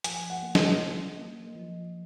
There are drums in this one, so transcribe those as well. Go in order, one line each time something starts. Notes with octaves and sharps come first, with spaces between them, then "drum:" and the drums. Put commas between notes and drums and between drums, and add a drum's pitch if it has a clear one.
F3 G#5, drum: hi-hat
F#5
A#3
D#5, drum: snare
F#3
A#3
F3